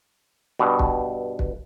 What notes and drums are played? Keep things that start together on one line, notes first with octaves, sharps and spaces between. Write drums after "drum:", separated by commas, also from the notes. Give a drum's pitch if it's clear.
G2 B2
drum: kick
drum: kick